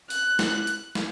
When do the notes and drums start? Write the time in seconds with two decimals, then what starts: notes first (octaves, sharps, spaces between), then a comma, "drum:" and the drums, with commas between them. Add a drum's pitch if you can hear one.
0.10 F#6, drum: open hi-hat
0.39 drum: snare
0.67 drum: hi-hat
0.95 drum: snare